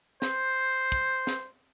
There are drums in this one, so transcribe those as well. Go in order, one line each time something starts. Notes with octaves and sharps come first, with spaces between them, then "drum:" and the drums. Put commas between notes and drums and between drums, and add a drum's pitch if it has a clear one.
C5, drum: snare
drum: kick
drum: snare